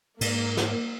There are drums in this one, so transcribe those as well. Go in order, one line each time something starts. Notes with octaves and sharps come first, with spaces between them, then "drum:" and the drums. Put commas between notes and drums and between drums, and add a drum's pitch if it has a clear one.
G#2 A#3, drum: cymbal
drum: snare